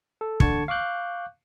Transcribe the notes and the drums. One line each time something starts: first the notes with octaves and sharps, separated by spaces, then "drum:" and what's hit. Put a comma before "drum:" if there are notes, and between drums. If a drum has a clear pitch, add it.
A4
D3 A5 C#6 G#6 C#7, drum: kick
F5 C#6 D6 F#6 G6